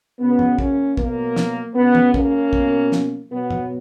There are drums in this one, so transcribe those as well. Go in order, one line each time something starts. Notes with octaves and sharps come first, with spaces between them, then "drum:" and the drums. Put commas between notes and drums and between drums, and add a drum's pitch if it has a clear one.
C#3 F#3 B3
drum: tom
A#3 C#4, drum: kick
B2 F#3 A#3, drum: kick
drum: snare
C#3 F#3 B3
drum: tom
A#3 C#4, drum: kick
B2 F#3, drum: kick
drum: snare
B2 F#3 B3
drum: tom